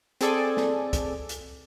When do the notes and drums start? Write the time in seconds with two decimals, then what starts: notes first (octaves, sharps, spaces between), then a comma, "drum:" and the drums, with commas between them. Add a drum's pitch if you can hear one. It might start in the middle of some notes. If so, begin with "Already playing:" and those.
0.21 C4 G#4 A4 D5 G#5, drum: hi-hat
0.57 drum: snare
0.93 drum: kick C2, hi-hat
1.29 drum: hi-hat